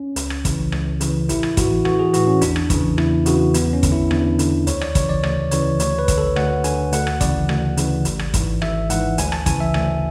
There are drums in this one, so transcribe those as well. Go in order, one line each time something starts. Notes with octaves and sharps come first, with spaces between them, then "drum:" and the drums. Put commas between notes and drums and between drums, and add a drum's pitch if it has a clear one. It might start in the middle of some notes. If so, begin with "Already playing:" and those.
Already playing: C#4
C#2, drum: hi-hat
drum: rim click
C#3 E3, drum: kick, hi-hat
C#2, drum: rim click
C#3 E3, drum: hi-hat
A1 E4, drum: hi-hat
drum: rim click
A2 E3 F#4, drum: kick, hi-hat
A1 F#4, drum: rim click
G#4
A2 E3 F#4, drum: hi-hat
C#4
E2 D4, drum: hi-hat
drum: rim click
C#3 E3, drum: kick, hi-hat
E2 E4, drum: rim click
C#3 E3 F#4, drum: hi-hat
E2 B3, drum: hi-hat
C#4
D3, drum: kick, hi-hat
E4
E2 D4, drum: rim click
D3, drum: hi-hat
D2 C#5, drum: hi-hat
D5, drum: rim click
C#3 E3 C#5, drum: kick, hi-hat
D5
D2 D5, drum: rim click
C#3 E3 C#5, drum: hi-hat
D2 C#5, drum: hi-hat
B4
D3, drum: kick, hi-hat
A4
D2 F#5, drum: rim click
D3 G#5, drum: hi-hat
D2 F#5, drum: hi-hat
drum: rim click
C#3 E3 D5, drum: kick, hi-hat
D2, drum: rim click
C#3 E3, drum: hi-hat
G#1, drum: hi-hat
drum: rim click
G#2 E3, drum: kick, hi-hat
G#1 E5, drum: rim click
G#2 E3 F#5, drum: hi-hat
D2 G#5, drum: hi-hat
A5, drum: rim click
C#3 E3 G#5, drum: kick, hi-hat
E5
D2 G#5, drum: rim click